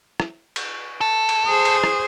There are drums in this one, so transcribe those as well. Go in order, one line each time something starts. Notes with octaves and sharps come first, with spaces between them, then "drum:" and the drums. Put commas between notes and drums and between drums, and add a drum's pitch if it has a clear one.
drum: rim click
drum: cymbal
A4
drum: cymbal
G#4 C5
drum: cymbal
drum: rim click